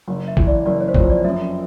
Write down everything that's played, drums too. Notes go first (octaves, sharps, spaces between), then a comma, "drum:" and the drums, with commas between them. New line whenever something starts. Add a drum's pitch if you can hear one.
F#1
E5
E3, drum: kick
D5
F#1 D5
C#5
C5
F2 C#5, drum: kick
D5
F#2 E5